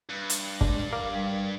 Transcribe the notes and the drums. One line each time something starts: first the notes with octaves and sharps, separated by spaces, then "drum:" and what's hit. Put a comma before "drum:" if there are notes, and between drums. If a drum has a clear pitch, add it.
G2
drum: hi-hat
G#3 D4, drum: kick
A#4 F5 D6
G3